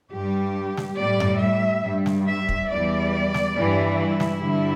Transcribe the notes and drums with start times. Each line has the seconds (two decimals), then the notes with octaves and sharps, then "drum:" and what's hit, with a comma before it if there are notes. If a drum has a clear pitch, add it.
0.13 G2 G3 G4
0.77 drum: snare
0.98 A2 G3 D5
1.20 drum: tom F#2
1.42 E5
1.84 G2 G3
2.06 drum: snare
2.27 E5
2.49 drum: kick
2.70 E2 E3 G3 D5
3.34 drum: snare
3.56 G2 E3 G3
3.98 E4
4.20 drum: snare
4.41 G2 D3 G3